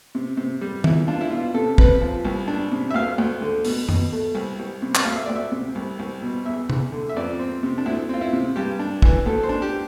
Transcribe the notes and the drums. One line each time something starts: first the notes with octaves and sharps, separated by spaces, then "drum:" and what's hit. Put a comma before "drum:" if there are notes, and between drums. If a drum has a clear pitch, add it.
C3
C3
G3
E2 E4, drum: tom D#3
D4 F4
E4
B2 F4
C3 A4
C3 B4, drum: kick
F3
C2
D4
C3
E5
D2 F5
D2
D3
B2, drum: open hi-hat
B2, drum: tom F#2
A3
C2
C2
C3
drum: clap
D2 F5
E5
D2 D5
E5
C3
C2
C2
B2
E2 E5
E2, drum: tom C3
D3
E5
F2 D5
C4
C3
D4
D2 E4
C4 F4
E4
C3
G2 G4
D4
E3, drum: kick
D2 A4
C5
D4
G4